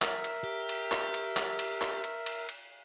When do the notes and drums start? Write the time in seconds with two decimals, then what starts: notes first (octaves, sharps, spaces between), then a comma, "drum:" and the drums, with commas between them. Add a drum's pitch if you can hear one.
0.02 A#4 E5, drum: clap
0.24 drum: cymbal
0.44 G4
0.69 drum: cymbal
0.92 drum: clap
1.14 drum: cymbal
1.37 drum: clap
1.59 drum: cymbal
1.81 drum: clap
2.04 drum: cymbal
2.26 drum: cymbal
2.49 drum: cymbal